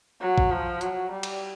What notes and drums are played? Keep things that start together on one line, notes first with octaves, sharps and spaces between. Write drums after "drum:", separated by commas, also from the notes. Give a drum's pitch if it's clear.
F#3
drum: kick
F3
F#3, drum: hi-hat
G3
drum: cymbal